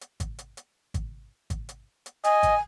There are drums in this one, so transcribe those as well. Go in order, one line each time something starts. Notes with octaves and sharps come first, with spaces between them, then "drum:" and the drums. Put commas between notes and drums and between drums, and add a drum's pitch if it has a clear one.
drum: hi-hat
drum: kick G#1, hi-hat
drum: hi-hat
drum: hi-hat
drum: kick G#1, hi-hat
drum: kick G#1, hi-hat
drum: hi-hat
drum: hi-hat
D#5 G#5, drum: hi-hat
drum: kick G#1, hi-hat